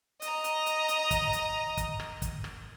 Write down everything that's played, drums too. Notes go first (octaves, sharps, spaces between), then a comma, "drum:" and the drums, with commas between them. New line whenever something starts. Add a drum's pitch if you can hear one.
D#5 A#5, drum: hi-hat
drum: hi-hat
drum: hi-hat
drum: hi-hat
drum: kick, hi-hat
drum: hi-hat
drum: kick, hi-hat
drum: rim click
drum: kick, hi-hat
drum: rim click